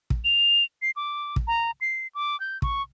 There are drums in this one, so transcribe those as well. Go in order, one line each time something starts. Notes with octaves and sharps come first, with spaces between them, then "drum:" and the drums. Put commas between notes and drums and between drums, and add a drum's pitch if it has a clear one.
drum: kick
F7
C7
D6
drum: kick
A#5
C7
D6
G6
C#6, drum: kick